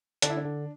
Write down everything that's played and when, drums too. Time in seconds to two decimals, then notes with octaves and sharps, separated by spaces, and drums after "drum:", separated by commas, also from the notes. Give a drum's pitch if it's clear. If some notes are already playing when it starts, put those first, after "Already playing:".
0.22 D3 D4, drum: hi-hat
0.30 E4
0.37 D4
0.45 D3